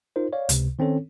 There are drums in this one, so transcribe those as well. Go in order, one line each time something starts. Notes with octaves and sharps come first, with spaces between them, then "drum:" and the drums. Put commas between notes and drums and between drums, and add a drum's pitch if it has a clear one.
D#4 F4 A#4 C5
C#5 D5 F5
C#2 C3, drum: hi-hat
D#3 C4 C#4 A4 C#5